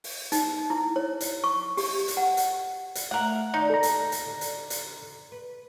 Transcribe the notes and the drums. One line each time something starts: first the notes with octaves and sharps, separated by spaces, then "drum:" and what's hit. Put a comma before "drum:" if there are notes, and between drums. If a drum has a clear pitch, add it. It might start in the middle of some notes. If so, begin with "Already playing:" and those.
drum: open hi-hat
D#4, drum: hi-hat
E4
C#5
drum: hi-hat
C#6
G4, drum: open hi-hat
drum: hi-hat
F#5
drum: hi-hat
drum: hi-hat
A3 A#4 E5 F#5
D#2 D#3 D#4 D5
A4 A#5
drum: hi-hat
drum: hi-hat
D3
drum: hi-hat
drum: hi-hat
B4